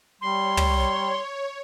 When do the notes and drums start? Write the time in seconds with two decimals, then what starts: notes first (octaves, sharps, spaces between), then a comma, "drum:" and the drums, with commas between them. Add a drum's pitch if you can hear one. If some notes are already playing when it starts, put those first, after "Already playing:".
0.21 G3 C#5 C6
0.57 drum: tom